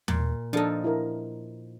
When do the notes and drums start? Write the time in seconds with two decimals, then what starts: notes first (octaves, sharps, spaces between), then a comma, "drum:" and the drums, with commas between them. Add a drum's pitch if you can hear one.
0.08 A#2, drum: tom D#2
0.53 F3 D4 D#4 A4
0.84 E4 A#4